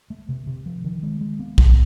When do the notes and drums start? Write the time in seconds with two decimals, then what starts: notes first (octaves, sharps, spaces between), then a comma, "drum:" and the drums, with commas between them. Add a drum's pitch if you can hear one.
0.10 A3
0.29 C3
0.47 C3
0.66 F3
0.84 D#3
1.03 G#3
1.21 G#3
1.39 B3
1.58 A2, drum: kick B1